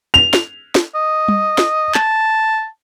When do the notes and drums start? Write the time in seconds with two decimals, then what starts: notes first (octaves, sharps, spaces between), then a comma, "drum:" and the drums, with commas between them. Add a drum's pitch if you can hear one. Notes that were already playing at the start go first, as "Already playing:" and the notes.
0.14 F7
0.33 drum: snare
0.75 drum: snare
0.95 D#5
1.28 drum: tom G3
1.58 drum: snare
1.94 A5, drum: clap